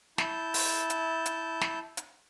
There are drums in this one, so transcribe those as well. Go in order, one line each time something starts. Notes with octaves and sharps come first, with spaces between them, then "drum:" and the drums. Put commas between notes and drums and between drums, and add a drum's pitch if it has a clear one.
E4 A5 G6, drum: snare
drum: open hi-hat
drum: hi-hat
drum: hi-hat
drum: snare
drum: hi-hat